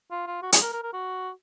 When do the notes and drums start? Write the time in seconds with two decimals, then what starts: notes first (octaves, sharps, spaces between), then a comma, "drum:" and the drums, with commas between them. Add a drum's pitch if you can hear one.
0.11 F4
0.27 F4
0.42 F#4
0.52 G#4, drum: hi-hat
0.62 A#4
0.73 A#4
0.83 A#4
0.93 F#4